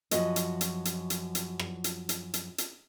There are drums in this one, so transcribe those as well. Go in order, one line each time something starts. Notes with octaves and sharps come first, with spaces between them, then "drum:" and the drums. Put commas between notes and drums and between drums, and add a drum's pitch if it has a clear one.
F#2 F3 F#4 D#5 E5, drum: hi-hat
drum: hi-hat
drum: hi-hat
drum: hi-hat
drum: hi-hat
drum: hi-hat
drum: rim click
drum: hi-hat
drum: hi-hat
drum: hi-hat
drum: hi-hat